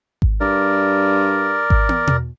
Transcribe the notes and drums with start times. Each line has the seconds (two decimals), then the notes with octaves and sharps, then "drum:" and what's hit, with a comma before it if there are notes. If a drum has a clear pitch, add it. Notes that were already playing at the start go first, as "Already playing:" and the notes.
0.22 drum: kick G#1
0.40 G2 A#4 D5
1.70 drum: kick G#1
1.89 drum: tom
2.07 drum: tom B2